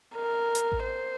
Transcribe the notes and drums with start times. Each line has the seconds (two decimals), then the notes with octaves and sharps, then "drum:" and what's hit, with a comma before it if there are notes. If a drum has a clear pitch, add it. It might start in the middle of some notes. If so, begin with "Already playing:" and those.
0.15 A#4
0.55 drum: hi-hat
0.72 drum: kick A1
0.83 C5